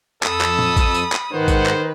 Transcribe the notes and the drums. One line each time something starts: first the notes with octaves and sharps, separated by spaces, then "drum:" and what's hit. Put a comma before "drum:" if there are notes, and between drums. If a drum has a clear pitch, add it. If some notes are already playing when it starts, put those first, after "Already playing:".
F2 A4 B5 D#6 E6, drum: clap
drum: clap
drum: tom A#2
drum: kick A1, tambourine
drum: tambourine
drum: clap
G#2 D#3 B4 C5 F#5
drum: kick A1, tambourine
drum: clap